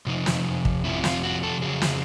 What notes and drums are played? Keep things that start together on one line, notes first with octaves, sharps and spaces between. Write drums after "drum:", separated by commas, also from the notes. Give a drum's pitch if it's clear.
F2 C3 F3 D#4
drum: snare
drum: kick
F2 C3 F3 E4
F4, drum: snare
F#4
A4
F2 C#3 F#3 G#4
drum: snare